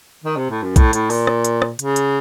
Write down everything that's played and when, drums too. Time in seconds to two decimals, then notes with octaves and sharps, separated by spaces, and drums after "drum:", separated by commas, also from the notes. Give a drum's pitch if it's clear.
0.24 D#3
0.36 C3
0.50 A2
0.62 F#2
0.76 A2, drum: kick B1, hi-hat
0.93 A2, drum: hi-hat
1.10 A#2, drum: open hi-hat
1.27 drum: rim click
1.45 drum: hi-hat
1.62 drum: rim click
1.79 C#3, drum: hi-hat
1.96 drum: hi-hat